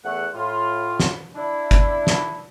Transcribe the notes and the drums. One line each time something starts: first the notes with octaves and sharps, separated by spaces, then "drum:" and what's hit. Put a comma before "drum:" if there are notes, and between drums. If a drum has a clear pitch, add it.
E2 A3 F#5
A2 F4
drum: snare
D4 E4
drum: kick G1, hi-hat
drum: snare